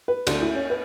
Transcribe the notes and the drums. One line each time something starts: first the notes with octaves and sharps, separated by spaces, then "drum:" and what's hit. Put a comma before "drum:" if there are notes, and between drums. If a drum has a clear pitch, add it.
B4
D2, drum: cymbal
E4
C#4
B4